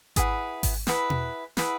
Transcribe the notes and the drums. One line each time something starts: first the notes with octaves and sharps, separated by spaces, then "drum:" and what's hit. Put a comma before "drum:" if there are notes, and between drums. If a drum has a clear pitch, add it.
E4 G#4 B4 F#5, drum: kick G#1, hi-hat
drum: kick G#1, open hi-hat
E4 G#4 B4 F#5, drum: snare
drum: tom B2
E4 G#4 B4 F#5, drum: snare